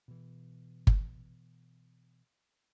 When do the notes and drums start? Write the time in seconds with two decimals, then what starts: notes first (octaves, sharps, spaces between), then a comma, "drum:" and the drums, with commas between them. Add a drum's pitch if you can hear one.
0.08 B2 E3
0.87 drum: kick G1